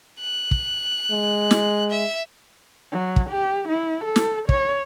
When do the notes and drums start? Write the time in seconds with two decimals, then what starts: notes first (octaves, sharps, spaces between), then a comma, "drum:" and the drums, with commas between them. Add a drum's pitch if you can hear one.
0.21 F#6
0.51 drum: kick
1.11 G#3
1.51 drum: snare
1.90 E5
2.92 F#3
3.16 drum: kick
3.30 G4
3.69 E4
4.05 A4
4.16 drum: snare
4.49 C#5, drum: kick